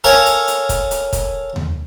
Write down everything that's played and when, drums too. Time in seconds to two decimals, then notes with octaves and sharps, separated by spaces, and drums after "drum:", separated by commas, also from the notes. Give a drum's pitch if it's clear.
0.04 A4 A#4 C#5 F5 G#5
0.26 drum: hi-hat
0.48 drum: hi-hat
0.69 drum: kick, hi-hat
0.91 drum: hi-hat
1.13 drum: kick, hi-hat
1.56 drum: tom D#2